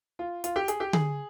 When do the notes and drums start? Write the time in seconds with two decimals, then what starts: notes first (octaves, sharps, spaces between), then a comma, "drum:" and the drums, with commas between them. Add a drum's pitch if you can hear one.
0.19 F4
0.44 F4, drum: hi-hat
0.56 G4
0.68 G#4, drum: hi-hat
0.80 G4
0.93 G#4, drum: tom D3